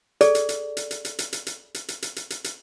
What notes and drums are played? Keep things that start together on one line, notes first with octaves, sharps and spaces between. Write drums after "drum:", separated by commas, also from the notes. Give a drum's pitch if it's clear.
G#4 A4 D5, drum: hi-hat
drum: hi-hat
drum: hi-hat
drum: hi-hat
drum: hi-hat
drum: hi-hat
drum: hi-hat
drum: hi-hat
drum: hi-hat
drum: hi-hat
drum: hi-hat
drum: hi-hat
drum: hi-hat
drum: hi-hat
drum: hi-hat